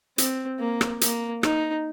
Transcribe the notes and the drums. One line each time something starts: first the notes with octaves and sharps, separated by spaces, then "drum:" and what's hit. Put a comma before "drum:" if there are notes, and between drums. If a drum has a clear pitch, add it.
C4, drum: hi-hat
A#3
drum: rim click
A#3, drum: hi-hat
D#4, drum: rim click